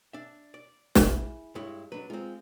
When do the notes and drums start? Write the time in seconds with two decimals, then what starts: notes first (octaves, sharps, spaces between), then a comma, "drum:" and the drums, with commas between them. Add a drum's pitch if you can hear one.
0.13 D4 E5
0.54 D5
0.95 E4 G#4, drum: snare
1.55 G2 G#3 E4 C#5
1.92 F#3 D4 B4
2.10 G#3 C4 F4